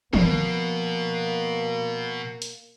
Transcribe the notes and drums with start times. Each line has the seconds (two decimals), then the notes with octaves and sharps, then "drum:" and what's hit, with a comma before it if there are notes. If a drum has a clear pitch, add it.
0.13 B2 F3 A#3 B3, drum: tom
2.42 drum: hi-hat